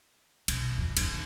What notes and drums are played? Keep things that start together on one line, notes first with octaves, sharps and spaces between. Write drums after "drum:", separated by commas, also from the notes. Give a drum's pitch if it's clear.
B1, drum: cymbal
F2
D#3 E3, drum: cymbal